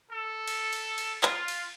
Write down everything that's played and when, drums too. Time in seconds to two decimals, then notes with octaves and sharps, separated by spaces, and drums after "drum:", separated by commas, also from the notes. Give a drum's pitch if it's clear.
0.11 A4
0.48 drum: cymbal
0.73 drum: cymbal
0.98 drum: cymbal
1.23 F4, drum: clap
1.48 drum: cymbal